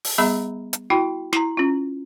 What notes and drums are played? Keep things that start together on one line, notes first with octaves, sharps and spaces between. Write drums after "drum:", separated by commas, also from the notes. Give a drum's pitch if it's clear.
drum: open hi-hat
G3 B3 G#4 E5 A#5 B5
drum: hi-hat
E4 F#4 G5 B5
E4 A#5, drum: snare
C#4 F4